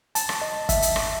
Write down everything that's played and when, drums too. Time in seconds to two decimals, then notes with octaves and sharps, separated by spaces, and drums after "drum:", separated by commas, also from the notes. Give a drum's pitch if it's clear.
0.15 A5, drum: hi-hat
0.29 drum: rim click
0.42 D#5
0.69 E5, drum: kick, hi-hat
0.82 drum: hi-hat
0.96 drum: rim click